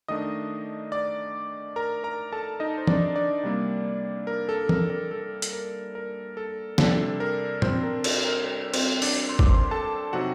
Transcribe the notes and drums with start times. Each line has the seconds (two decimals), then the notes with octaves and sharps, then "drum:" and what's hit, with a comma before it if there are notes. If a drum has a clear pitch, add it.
0.08 D#3 A3 D4 D#5 D#6
0.92 D5 D6
1.76 A#4 A#5
2.04 A#4 A#5
2.32 A4 A5
2.60 D#4 D#5
2.78 C5
2.87 D4 D5, drum: tom
3.16 D4 D5
3.43 C3 G3 A#3
4.27 A#4
4.49 A4
4.69 A#4, drum: tom
4.90 A#4
5.11 A4
5.42 drum: hi-hat
5.53 A#4
5.95 A#4
6.37 A4
6.78 C3 G3 D4 A4, drum: snare
7.20 A#4
7.62 C4 C5, drum: tom
7.83 A#4
8.04 A4, drum: cymbal
8.25 A#4
8.46 A#4
8.74 C4 C5, drum: cymbal
9.02 D4 D5, drum: open hi-hat
9.29 C6
9.39 D6, drum: kick G#1
9.49 C5 C6
9.71 A4 A5
10.13 C3 F#3 C4 D#4 F#4 F#5